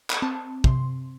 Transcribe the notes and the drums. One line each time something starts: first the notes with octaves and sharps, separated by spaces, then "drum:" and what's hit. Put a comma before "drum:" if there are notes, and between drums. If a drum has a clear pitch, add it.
B5, drum: clap
C4 A5
C3 C6, drum: kick